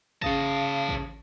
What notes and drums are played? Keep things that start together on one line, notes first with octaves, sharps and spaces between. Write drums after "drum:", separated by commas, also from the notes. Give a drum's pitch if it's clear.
C#3 C#5 F5 A5 D#6 A#6, drum: kick A1
drum: kick A1